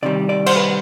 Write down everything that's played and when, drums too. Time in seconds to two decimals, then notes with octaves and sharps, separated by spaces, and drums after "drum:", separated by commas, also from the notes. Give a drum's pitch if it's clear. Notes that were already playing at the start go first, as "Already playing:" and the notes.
0.02 C3 D#3 G3 D5
0.29 D5
0.46 C5, drum: cymbal
0.56 B4